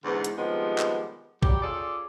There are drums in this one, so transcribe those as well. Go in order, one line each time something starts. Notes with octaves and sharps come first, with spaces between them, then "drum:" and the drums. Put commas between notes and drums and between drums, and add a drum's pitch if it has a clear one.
E2 G#2 D3
drum: hi-hat
C3 D#3 F3 G3 G#3 B3
drum: clap
F#3 G3 G4, drum: kick A#1
C#4 F4 G#4 A4 D5